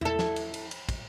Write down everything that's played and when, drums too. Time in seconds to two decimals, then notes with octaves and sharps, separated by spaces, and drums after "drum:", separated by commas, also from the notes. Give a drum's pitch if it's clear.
0.01 E4 A4, drum: tom E2
0.19 drum: snare
0.36 drum: cymbal
0.54 drum: cymbal
0.71 drum: cymbal
0.89 drum: kick, cymbal